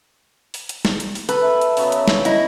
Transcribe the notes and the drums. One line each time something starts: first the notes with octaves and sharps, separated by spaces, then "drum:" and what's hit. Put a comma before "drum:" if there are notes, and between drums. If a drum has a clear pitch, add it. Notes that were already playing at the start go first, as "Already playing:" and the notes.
drum: open hi-hat
drum: hi-hat
drum: snare
drum: hi-hat
drum: open hi-hat
A4 B4, drum: hi-hat
E5
drum: hi-hat
C#3 F#3 B3, drum: open hi-hat
drum: hi-hat
drum: snare
E4 D#5 A#5, drum: hi-hat